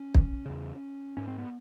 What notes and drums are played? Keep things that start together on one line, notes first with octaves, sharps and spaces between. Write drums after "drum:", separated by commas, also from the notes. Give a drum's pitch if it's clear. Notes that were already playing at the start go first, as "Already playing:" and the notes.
Already playing: C#4
drum: kick
E2 C#3
G#2 C#4
C4
B3